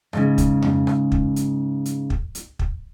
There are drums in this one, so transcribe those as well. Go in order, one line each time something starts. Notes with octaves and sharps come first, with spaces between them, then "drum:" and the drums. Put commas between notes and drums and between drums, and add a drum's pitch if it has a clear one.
G#2 C#3, drum: rim click
drum: kick, hi-hat
drum: tom F2
drum: rim click
drum: kick
drum: hi-hat
drum: hi-hat
drum: kick
drum: hi-hat
drum: kick